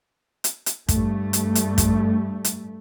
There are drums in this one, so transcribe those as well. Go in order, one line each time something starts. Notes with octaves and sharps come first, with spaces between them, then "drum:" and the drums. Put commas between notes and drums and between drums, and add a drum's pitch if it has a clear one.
drum: hi-hat
drum: hi-hat
G2 A3, drum: kick, hi-hat
drum: hi-hat
drum: hi-hat
drum: kick, hi-hat
drum: hi-hat